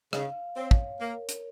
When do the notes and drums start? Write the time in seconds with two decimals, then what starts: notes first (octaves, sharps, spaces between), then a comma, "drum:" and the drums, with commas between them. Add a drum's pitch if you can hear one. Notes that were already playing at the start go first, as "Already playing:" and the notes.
0.13 C#3 F5, drum: rim click
0.56 C4 C#5
0.71 drum: kick
1.00 A#3 A#4
1.29 drum: hi-hat